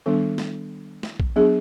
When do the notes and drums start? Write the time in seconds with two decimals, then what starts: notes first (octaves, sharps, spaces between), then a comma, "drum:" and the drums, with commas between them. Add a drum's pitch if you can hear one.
0.06 D#3 G3 B3 D4 A4
0.38 drum: snare
1.03 drum: snare
1.20 drum: kick A#1
1.36 F#3 B3 D4 G#4